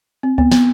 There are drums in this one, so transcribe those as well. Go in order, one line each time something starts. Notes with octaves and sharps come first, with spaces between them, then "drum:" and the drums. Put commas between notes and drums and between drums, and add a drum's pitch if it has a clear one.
C4
B3, drum: kick C#2
B3, drum: snare